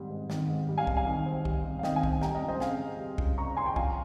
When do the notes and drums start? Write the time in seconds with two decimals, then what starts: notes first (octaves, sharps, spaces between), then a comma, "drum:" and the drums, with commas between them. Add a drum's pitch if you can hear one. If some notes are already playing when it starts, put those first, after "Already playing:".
Already playing: G#2 D#3 G3
0.10 G#2
0.30 D#3, drum: snare
0.48 G#2
0.69 G3
0.78 F5 G#5
0.87 C3, drum: kick B1
0.97 F5 G#5
1.06 D#3
1.26 C4
1.45 G3, drum: kick B1
1.65 C3
1.79 F5
1.83 D#3 D#5 G5, drum: snare
1.96 F5 G#5
2.03 C4, drum: kick B1
2.22 G3 G5 A#5, drum: snare
2.35 D#5 G5
2.42 C#2
2.48 C5 D#5
2.60 C#3 F5 G#5, drum: snare
2.80 C4
2.99 G3
3.18 C#2, drum: kick B1
3.38 C#3 A#5 C#6
3.56 C4 G#5 C6
3.66 G5 A#5
3.76 F3 F5 G#5, drum: kick B1